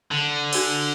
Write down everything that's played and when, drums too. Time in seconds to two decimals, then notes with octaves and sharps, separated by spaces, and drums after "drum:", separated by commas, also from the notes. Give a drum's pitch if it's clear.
0.11 D3
0.53 D4 F#4 C5, drum: cymbal